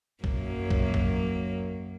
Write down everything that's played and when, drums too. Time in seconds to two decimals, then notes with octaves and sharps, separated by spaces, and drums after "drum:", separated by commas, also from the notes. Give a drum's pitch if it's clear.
0.24 F#2 F#3 A#3, drum: kick
0.71 drum: kick
0.94 drum: kick